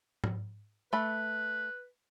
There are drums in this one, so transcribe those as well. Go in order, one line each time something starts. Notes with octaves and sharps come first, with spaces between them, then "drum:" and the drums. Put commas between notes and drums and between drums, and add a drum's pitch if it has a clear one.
drum: tom G#2
A3 B4 B5